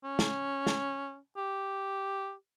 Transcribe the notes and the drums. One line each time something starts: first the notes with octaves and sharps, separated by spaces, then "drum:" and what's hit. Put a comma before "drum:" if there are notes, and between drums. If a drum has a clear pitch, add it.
C#4
drum: snare
drum: snare
G4